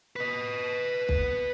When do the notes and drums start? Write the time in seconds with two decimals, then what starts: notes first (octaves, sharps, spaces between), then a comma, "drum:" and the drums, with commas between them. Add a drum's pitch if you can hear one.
0.16 B4 D#5
1.09 drum: kick